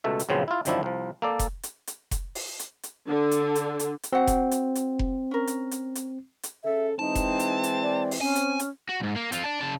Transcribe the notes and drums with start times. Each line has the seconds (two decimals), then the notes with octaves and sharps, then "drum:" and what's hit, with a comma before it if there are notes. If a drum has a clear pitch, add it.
0.04 C#2 B2 A3 E5
0.19 drum: hi-hat
0.29 A#1 F#2 C#3 F3 B3 C4
0.48 E4 F4
0.65 G1 F#2 D#3 F3 D4 E4, drum: hi-hat
0.83 C2 F3
1.22 A#3 A4 D5
1.39 drum: kick F1, hi-hat
1.63 drum: hi-hat
1.87 drum: hi-hat
2.11 drum: kick F1, hi-hat
2.35 drum: open hi-hat
2.59 drum: hi-hat
2.83 drum: hi-hat
3.07 D3
3.31 drum: hi-hat
3.55 drum: hi-hat
3.79 drum: hi-hat
4.03 drum: hi-hat
4.13 C4 F#4 F#5
4.27 drum: kick F1, hi-hat
4.51 drum: hi-hat
4.75 drum: hi-hat
4.99 drum: kick F1
5.31 C#4 A#4
5.47 drum: hi-hat
5.71 drum: hi-hat
5.95 drum: hi-hat
6.43 drum: hi-hat
6.64 C#3 A4 E5
6.99 E3 G#3 C4 D#4 A5
7.15 drum: kick F1, hi-hat
7.39 drum: hi-hat
7.63 drum: hi-hat
7.83 D5
8.11 drum: open hi-hat
8.21 C4 C#4 G#5
8.35 drum: hi-hat
8.59 drum: hi-hat
8.89 F#4
9.00 C2 G#2
9.16 A#3
9.32 C4 F4, drum: hi-hat
9.44 D5 A5
9.61 C#3 A5